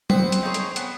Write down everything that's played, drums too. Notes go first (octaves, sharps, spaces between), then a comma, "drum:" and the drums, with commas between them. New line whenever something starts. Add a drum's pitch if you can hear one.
B3 C4, drum: tom F#3
drum: hi-hat
D#4 G#4 C#5
drum: hi-hat
B3, drum: hi-hat